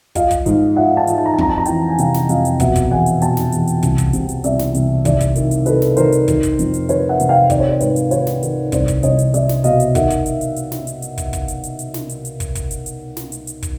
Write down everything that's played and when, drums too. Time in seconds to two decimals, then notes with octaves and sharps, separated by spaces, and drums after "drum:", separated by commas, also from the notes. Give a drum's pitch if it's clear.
0.15 F3 D#5 F5, drum: kick, hi-hat
0.31 drum: kick, hi-hat
0.46 G#2, drum: hi-hat
0.76 F3 E5 F#5
0.97 G5 A5
1.07 F3, drum: hi-hat
1.18 A5
1.26 A#5
1.34 A5
1.38 F2 A#5, drum: kick
1.49 A5
1.58 A#5
1.65 E3 G5 A5, drum: hi-hat
1.90 G#5
1.98 C3 F5 G5, drum: hi-hat
2.14 drum: snare
2.29 F2 D#5 F5, drum: hi-hat
2.45 drum: hi-hat
2.60 B2 E5 F#5, drum: kick, hi-hat
2.76 drum: kick, hi-hat
2.91 E2 F#5 G#5
3.06 drum: hi-hat
3.22 B2 G5 A5, drum: hi-hat
3.37 drum: snare
3.52 E2, drum: hi-hat
3.67 drum: hi-hat
3.83 C2, drum: kick, hi-hat
3.98 drum: kick, hi-hat
4.13 C3, drum: hi-hat
4.29 drum: hi-hat
4.44 C2 D5 E5, drum: hi-hat
4.59 drum: snare
4.75 C2, drum: hi-hat
5.05 D#2 D5 E5, drum: kick, hi-hat
5.21 drum: kick, hi-hat
5.36 D#3, drum: hi-hat
5.51 drum: hi-hat
5.66 D#3 A4 B4, drum: hi-hat
5.82 drum: snare
5.97 D#3 A#4 C5, drum: hi-hat
6.12 drum: hi-hat
6.28 D#3, drum: kick, hi-hat
6.43 drum: kick, hi-hat
6.59 F2, drum: hi-hat
6.74 drum: hi-hat
6.89 D#3 B4 C#5, drum: hi-hat
7.09 E5 F#5
7.20 C3, drum: hi-hat
7.29 F5 G5
7.50 D#3 D5, drum: kick, hi-hat
7.60 C#5
7.69 C5 D5
7.80 G#2 B4 C#5, drum: hi-hat
7.96 drum: hi-hat
8.11 D#3 B4 C#5, drum: hi-hat
8.27 drum: snare
8.43 D#3, drum: hi-hat
8.72 C2 C5 D5, drum: kick, hi-hat
8.88 drum: kick, hi-hat
9.03 C2 C#5 D#5, drum: hi-hat
9.19 drum: hi-hat
9.34 C2 D5 E5, drum: hi-hat
9.49 drum: snare
9.64 B2 D#5 F5, drum: hi-hat
9.80 drum: hi-hat
9.95 D#3 E5 F#5, drum: kick, hi-hat
10.10 drum: kick, hi-hat
10.26 drum: hi-hat
10.41 drum: hi-hat
10.56 drum: hi-hat
10.72 drum: snare
10.87 drum: hi-hat
11.02 drum: hi-hat
11.18 drum: kick, hi-hat
11.33 drum: kick, hi-hat
11.48 drum: hi-hat
11.63 drum: hi-hat
11.79 drum: hi-hat
11.94 drum: snare
12.09 drum: hi-hat
12.25 drum: hi-hat
12.40 drum: kick, hi-hat
12.55 drum: kick, hi-hat
12.71 drum: hi-hat
12.86 drum: hi-hat
13.17 drum: snare
13.32 drum: hi-hat
13.47 drum: hi-hat
13.63 drum: kick, hi-hat